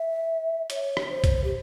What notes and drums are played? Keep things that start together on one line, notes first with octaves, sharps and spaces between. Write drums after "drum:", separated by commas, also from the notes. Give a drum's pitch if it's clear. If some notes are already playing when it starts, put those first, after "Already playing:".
Already playing: E5
C#5, drum: hi-hat
drum: rim click
C5
drum: kick, hi-hat
G4